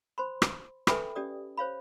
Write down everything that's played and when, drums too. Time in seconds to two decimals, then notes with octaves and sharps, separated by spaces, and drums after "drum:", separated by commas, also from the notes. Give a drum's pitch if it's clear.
0.18 C5 B5 C6
0.42 drum: rim click
0.87 A4 B4 E5 G5 G#5 B5, drum: rim click
1.15 C#4 G4 D5 D#6
1.57 C5 C#5 F5 B5